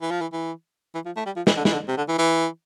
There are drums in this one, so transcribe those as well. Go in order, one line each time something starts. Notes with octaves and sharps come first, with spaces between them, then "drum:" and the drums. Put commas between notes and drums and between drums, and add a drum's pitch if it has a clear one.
E3
F3
E3
E3
E3
F3
A3
G3
F3
E3, drum: snare
D3
E3, drum: snare
D3
C3
D3
E3
E3